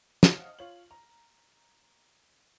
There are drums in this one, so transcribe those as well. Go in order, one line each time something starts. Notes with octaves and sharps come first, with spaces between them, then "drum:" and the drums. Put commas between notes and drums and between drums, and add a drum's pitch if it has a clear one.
C#5 D#5 F5 F#5 D#6 F6, drum: snare
F4 C#5 F#7
A#5